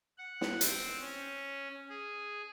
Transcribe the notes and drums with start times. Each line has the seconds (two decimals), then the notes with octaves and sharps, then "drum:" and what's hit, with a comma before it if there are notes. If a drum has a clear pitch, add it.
0.18 F#5
0.41 drum: snare
0.61 C4, drum: hi-hat
1.01 C#4
1.89 G#4